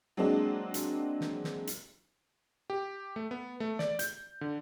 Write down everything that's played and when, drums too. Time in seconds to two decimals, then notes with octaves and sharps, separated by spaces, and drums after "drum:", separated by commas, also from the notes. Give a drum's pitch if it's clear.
0.17 F#3 G#3 A#3 C4 D4
0.74 drum: hi-hat
1.21 drum: snare
1.44 drum: snare
1.67 drum: hi-hat
2.70 G4
3.16 A3
3.31 B3
3.60 A3
3.79 D5, drum: snare
3.99 G6, drum: hi-hat
4.41 D3